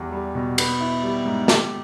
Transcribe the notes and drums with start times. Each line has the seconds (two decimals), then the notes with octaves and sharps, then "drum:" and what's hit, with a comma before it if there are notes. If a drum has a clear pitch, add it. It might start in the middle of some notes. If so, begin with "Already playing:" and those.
Already playing: E2 G3
0.12 G3
0.35 B2
0.58 B3, drum: cymbal
0.81 E4
1.03 G3
1.25 G#2
1.48 G4, drum: snare